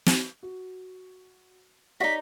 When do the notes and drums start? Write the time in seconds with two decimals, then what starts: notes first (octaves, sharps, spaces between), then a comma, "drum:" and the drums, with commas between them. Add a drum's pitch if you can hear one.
0.06 drum: snare
0.43 F#4
2.00 D#4 F#4 C#5 D5 B6